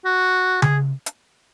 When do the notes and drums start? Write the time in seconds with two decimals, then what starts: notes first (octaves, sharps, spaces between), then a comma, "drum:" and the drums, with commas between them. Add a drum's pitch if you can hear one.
0.05 F#4
0.62 G#4, drum: tom C#3
1.06 drum: hi-hat